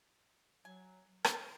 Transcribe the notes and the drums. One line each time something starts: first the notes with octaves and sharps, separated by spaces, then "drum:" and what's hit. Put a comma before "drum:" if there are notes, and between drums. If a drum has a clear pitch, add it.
F#3 G#5
C#4 E4 A#4 A#5 C6 D7, drum: rim click